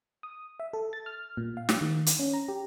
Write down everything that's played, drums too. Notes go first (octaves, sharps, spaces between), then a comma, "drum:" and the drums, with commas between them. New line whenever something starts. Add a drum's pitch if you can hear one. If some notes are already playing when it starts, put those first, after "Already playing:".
D#6
E5
A4
A6
F6
A#2
F5
drum: snare
D#3
drum: hi-hat
C#4
A#5
G4